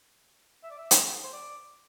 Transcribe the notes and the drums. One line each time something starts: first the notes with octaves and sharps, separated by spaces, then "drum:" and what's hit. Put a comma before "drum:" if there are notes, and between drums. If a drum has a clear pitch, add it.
E5
D5
E5
drum: hi-hat
C5
D5